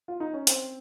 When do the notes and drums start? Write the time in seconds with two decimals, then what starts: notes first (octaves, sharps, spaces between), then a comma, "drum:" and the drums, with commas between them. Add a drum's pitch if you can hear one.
0.08 F4
0.20 D#4
0.34 C#4
0.47 C4, drum: hi-hat